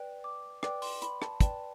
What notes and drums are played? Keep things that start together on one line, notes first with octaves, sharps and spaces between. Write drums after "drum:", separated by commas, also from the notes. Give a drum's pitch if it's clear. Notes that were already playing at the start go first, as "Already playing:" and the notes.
Already playing: B4 D5 G5
D6
B4 D5 G5 D6, drum: rim click
C6, drum: open hi-hat
B5, drum: hi-hat
A5, drum: rim click
B4 D5 G5 A5, drum: kick, hi-hat